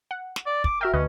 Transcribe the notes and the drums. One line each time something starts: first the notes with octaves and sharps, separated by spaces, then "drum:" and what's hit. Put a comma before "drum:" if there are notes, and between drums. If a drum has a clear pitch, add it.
F#5
drum: snare
D5
D6, drum: kick
F#4 A#4 E5 G5
D2 C#4 B4 D#5